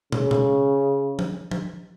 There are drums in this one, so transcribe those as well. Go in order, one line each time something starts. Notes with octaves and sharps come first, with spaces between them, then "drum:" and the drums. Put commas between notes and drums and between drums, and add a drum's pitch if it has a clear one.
C#3, drum: tom
drum: tom
drum: tom
drum: tom